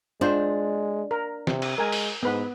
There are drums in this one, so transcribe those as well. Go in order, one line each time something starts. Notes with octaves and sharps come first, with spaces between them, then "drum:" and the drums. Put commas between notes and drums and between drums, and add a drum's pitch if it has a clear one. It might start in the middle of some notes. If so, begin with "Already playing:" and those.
G#3 D4 F4 C5
A#4
C3, drum: snare
drum: cymbal
G#3 A#4 G#5
drum: open hi-hat
G#2 B3 B4